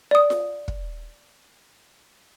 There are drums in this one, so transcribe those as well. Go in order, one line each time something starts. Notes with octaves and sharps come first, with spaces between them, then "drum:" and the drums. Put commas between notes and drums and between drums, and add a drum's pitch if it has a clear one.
D5 D#6
drum: snare F4
drum: kick